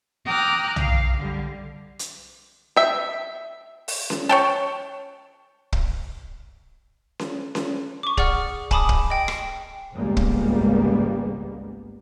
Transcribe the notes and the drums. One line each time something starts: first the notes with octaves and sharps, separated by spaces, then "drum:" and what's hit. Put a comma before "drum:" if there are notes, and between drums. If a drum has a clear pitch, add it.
G5 A#5 D6 D#6 F6 F#6
F5, drum: tom
D3 G3
drum: hi-hat
E5 G5
drum: open hi-hat
drum: snare C#4
C#5 G5 A5
drum: kick
drum: snare C#4
drum: snare C#4
C#6 D6
G#4 D5 F#5 F6, drum: kick
G#5 A5 B5 D6 D#6, drum: kick
drum: kick
D#5 G5
drum: rim click
G#1 C#2 G3 G#3 A#3 B3
drum: kick